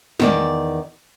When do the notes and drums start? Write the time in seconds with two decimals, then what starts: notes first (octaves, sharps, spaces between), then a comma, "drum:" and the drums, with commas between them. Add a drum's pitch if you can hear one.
0.20 E2 D#3 D5, drum: snare